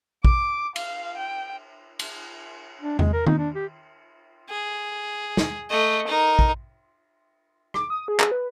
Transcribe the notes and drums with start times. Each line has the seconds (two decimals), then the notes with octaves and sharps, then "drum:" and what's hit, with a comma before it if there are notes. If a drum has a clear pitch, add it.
0.25 D6, drum: kick A#1
0.76 F5, drum: cymbal
1.17 G5
1.99 drum: cymbal
2.82 D4
2.99 G#3, drum: tom E2
3.13 A#4
3.27 D#4, drum: tom D#3
3.38 D4
3.55 G4
4.49 G#4
5.37 drum: snare
5.69 A3 D#5
6.07 D#4 A#4
6.39 drum: kick A#1
7.74 D6, drum: rim click
7.90 D#6
8.08 G#4
8.20 drum: clap
8.31 B4